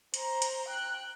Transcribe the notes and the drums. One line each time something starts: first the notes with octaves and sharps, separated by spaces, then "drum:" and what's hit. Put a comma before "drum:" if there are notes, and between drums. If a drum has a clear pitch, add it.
C5 A#5, drum: hi-hat
drum: hi-hat
G5 F#6